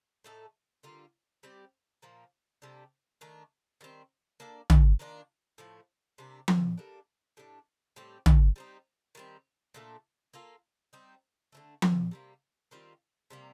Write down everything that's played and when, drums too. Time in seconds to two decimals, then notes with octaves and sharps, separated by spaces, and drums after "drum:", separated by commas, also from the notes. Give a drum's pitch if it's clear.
0.24 A2 A3 D#4 A4
0.83 D3 G3 A#3 F4
1.43 G3 C4 G4 D5
2.02 A#2 F3 A#3
2.62 C3 G3 D4 A4
3.21 D#3 A3 D4
3.81 D#3 G3 C4
4.40 A#3 D4 A4 D5
4.70 drum: tom
4.99 D#3 A#3 D4 F4
5.58 A2 F3 A3
6.18 C3 G3 A#3 D4
6.48 drum: tom F3
6.77 G3 A#3 D4 A4
7.37 A2 G3 D4
7.96 A2 G3 C4 G4
8.26 drum: tom
8.56 G3 C4 D#4
9.15 D#3 G3 C4
9.74 A#2 A3 D4 A4
10.34 A#3 F4 A4
10.93 G3 C4 D#4
11.52 D3 F3 A3
11.82 drum: tom F3
12.11 C3 G3 A#3
12.71 D#3 G3 C4 F4
13.30 C3 G3 A#3